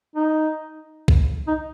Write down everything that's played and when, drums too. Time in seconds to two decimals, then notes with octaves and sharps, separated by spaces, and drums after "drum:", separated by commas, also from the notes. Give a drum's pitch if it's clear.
0.15 D#4
1.08 drum: kick
1.47 D#4